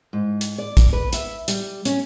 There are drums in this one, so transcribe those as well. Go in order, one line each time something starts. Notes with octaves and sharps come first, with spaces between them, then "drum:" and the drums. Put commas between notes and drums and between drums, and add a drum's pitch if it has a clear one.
G#2
drum: hi-hat
D5
drum: kick, hi-hat
B4
E5, drum: hi-hat
G3, drum: hi-hat
C#4, drum: hi-hat